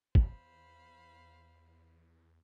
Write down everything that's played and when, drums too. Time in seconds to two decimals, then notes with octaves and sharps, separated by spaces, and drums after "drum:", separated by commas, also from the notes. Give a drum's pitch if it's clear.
0.15 E2 C5 F5 B5, drum: kick